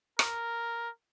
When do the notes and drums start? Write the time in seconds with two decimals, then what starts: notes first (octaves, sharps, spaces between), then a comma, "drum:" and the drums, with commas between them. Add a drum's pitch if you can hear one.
0.19 A#4, drum: rim click